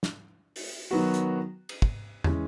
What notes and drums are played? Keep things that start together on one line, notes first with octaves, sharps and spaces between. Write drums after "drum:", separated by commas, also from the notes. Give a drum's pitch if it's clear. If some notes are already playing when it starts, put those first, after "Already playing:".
drum: snare
drum: open hi-hat
D#3 F#3 B3 F#4
drum: hi-hat
drum: cymbal
drum: kick
E3 G#3 C#4, drum: tom E2